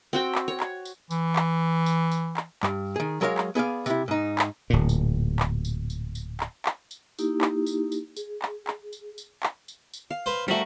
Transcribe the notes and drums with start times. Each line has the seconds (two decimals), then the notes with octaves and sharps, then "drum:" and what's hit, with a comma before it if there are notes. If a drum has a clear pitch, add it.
0.13 C4 F#4 G5
0.35 drum: clap
0.48 C#5
0.60 drum: clap
0.85 drum: tambourine
1.11 E3, drum: tambourine
1.36 drum: clap
1.86 drum: tambourine
2.12 drum: tambourine
2.37 drum: clap
2.63 G2, drum: clap
2.96 D#3 G#4
3.21 F#3 G#3 A#4 C#5 E5 F5
3.38 drum: clap
3.55 B3 G#4 D5 F5
3.86 C3 E4, drum: tambourine
4.08 G#2 D#4
4.39 drum: clap
4.70 D1 A#2
4.89 drum: tambourine
5.39 drum: clap
5.65 drum: tambourine
5.90 drum: tambourine
6.15 drum: tambourine
6.40 drum: clap
6.66 drum: clap
6.91 drum: tambourine
7.19 A#3 D#4 E4 G4, drum: tambourine
7.41 drum: clap
7.66 drum: tambourine
7.92 drum: tambourine
8.17 G#4, drum: tambourine
8.42 drum: clap
8.67 drum: clap
8.93 drum: tambourine
9.18 drum: tambourine
9.43 drum: clap
9.68 drum: tambourine
9.94 drum: tambourine
10.10 F5
10.26 B4 C5
10.48 G3 A3 C4 F#4 A#4